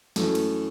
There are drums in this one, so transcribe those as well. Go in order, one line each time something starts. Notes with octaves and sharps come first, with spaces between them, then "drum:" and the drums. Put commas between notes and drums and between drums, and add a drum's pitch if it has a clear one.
F#2 E3 A3 A4, drum: snare
drum: cymbal